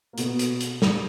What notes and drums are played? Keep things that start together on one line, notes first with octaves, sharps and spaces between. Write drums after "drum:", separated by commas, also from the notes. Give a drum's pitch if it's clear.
A#3
B2 B3, drum: hi-hat
drum: hi-hat
drum: hi-hat
drum: snare